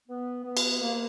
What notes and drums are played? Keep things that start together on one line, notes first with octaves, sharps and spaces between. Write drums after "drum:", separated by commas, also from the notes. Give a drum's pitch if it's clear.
B3
B3
drum: cymbal
A#3